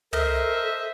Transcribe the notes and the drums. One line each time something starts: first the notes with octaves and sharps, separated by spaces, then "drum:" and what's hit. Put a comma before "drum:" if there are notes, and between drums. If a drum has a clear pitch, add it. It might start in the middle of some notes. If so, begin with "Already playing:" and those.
A4 A#4 C5 D#5 E5, drum: tom